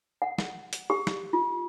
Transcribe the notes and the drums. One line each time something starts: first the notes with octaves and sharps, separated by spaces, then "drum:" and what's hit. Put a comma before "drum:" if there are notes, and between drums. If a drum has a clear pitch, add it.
F#5
drum: snare
drum: hi-hat
G4
drum: snare
F4